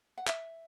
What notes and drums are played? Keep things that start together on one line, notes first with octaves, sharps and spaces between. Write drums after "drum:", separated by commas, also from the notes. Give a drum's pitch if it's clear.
F#5
E5, drum: clap